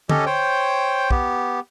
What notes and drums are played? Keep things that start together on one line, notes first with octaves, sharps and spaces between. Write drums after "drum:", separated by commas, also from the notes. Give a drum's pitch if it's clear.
C#4 G4 A4 C#5 D#5, drum: tom D3
C5 C#5 G5
B3 G4, drum: kick